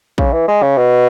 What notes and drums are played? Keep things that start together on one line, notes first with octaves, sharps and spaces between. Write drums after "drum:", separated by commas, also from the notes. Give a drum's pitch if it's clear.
C#3, drum: kick
E3
G#3
C#3
B2